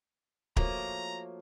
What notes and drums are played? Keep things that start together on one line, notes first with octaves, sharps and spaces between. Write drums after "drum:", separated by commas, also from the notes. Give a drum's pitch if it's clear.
F3 A3 A#3 F#4 C#5 A#5, drum: kick